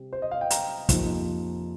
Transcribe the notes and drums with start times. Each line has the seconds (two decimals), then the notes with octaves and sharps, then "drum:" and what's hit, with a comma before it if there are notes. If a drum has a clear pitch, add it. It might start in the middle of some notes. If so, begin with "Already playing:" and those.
Already playing: C3 G3 C4
0.13 C5
0.22 D#5
0.31 F5
0.41 G5
0.50 A#5, drum: hi-hat
0.89 F2 C3 F3 A#3 D#4, drum: kick, hi-hat